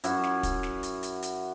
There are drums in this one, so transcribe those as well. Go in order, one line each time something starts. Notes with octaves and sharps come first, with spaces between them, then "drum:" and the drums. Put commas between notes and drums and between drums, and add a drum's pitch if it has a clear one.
F#2 E4 F#4, drum: hi-hat
drum: snare
drum: kick, hi-hat
drum: snare
drum: hi-hat
drum: hi-hat
drum: hi-hat